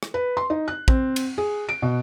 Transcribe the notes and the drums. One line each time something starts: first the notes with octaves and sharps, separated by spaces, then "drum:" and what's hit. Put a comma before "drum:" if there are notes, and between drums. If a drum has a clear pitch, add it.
drum: rim click
B4
C6
D#4
F#6
C4, drum: kick
drum: cymbal
G#4
D7
B2